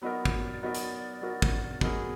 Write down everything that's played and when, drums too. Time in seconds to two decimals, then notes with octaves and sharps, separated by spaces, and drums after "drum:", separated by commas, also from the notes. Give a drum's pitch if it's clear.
0.01 F#3 B3 D#4 F#4 A#4 D5
0.25 drum: kick
0.62 F#3 B3 D#4 F#4 A#4
0.75 drum: hi-hat
1.21 F#3 B3 D#4 F#4 A#4
1.42 drum: kick
1.81 F#3 B3 D#4 F#4 G#4 A#4, drum: kick